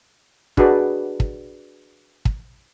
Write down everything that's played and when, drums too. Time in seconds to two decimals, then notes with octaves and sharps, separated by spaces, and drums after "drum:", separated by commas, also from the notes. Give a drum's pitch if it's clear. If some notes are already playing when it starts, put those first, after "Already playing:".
0.57 D4 F#4 G#4 B4 D5, drum: kick
1.20 drum: kick
2.25 drum: kick